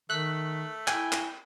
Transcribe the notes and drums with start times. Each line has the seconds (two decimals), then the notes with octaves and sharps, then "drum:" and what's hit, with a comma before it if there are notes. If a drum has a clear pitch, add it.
0.10 D#3 A3 F#6 B6
0.88 E4 G5 G#5, drum: clap
1.12 drum: clap